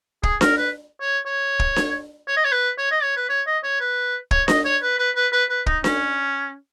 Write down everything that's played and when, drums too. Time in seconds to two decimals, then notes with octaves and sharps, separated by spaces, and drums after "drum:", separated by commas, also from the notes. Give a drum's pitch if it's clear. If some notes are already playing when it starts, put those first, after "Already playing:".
0.23 G#4, drum: kick
0.41 A#4, drum: snare D4
0.57 B4
1.01 C#5
1.26 C#5
1.59 drum: kick
1.76 drum: snare D4
2.28 C#5
2.37 D#5
2.45 C#5
2.52 B4
2.78 C#5
2.91 D#5
3.03 C#5
3.17 B4
3.30 C#5
3.46 D#5
3.64 C#5
3.80 B4
4.31 C#5, drum: kick
4.48 D#5, drum: snare D4
4.65 C#5
4.82 B4
4.99 B4
5.16 B4
5.32 B4
5.50 B4
5.66 D#4, drum: kick
5.84 C#4, drum: snare D4